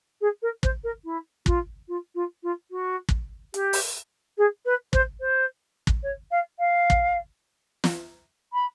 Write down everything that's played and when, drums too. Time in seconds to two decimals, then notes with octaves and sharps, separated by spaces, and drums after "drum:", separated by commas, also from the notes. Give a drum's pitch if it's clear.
0.21 G#4
0.42 A#4
0.63 C5, drum: kick
0.84 A#4
1.04 E4
1.46 F4, drum: kick
1.88 F4
2.15 F4
2.43 F4
2.71 F#4
3.09 drum: kick
3.54 G4, drum: hi-hat
3.73 drum: open hi-hat
4.38 G#4
4.65 B4
4.93 C5, drum: kick
5.20 C5
5.87 drum: kick
6.03 C#5
6.31 F5
6.59 F5
6.90 drum: kick
7.84 drum: snare
8.53 B5